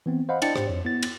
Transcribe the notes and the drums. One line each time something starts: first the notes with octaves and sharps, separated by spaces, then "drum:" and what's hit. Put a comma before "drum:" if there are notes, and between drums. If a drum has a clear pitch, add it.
E3 B3 C4
C5 D#5 F5 F#5 B5
D4 E4 D#5 G5 A6 C#7, drum: cymbal
G#2 G4 C5, drum: rim click
F2 C#5
B3 E4 A6
drum: cymbal